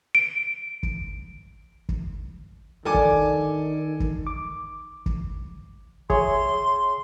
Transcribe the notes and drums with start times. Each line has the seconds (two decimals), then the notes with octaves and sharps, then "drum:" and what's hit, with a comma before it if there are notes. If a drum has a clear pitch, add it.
0.15 D7
0.83 drum: kick
1.89 drum: kick
2.85 D#3 D4 A4 G#5 D6
2.94 drum: kick
4.00 drum: kick
4.27 D6
5.06 drum: kick
6.10 G#4 C#5 E5 C6, drum: kick